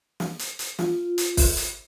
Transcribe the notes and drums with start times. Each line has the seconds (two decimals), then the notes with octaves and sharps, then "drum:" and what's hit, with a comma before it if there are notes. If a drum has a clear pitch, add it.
0.20 drum: snare
0.39 drum: hi-hat
0.59 drum: hi-hat
0.79 F4, drum: snare
1.18 drum: hi-hat
1.37 drum: kick, open hi-hat
1.57 drum: hi-hat